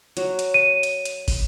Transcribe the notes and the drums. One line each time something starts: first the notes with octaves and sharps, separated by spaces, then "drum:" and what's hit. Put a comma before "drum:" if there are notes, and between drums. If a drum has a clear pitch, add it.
F#3 F#4, drum: hi-hat
drum: hi-hat
D#7
drum: hi-hat
drum: hi-hat
drum: kick, open hi-hat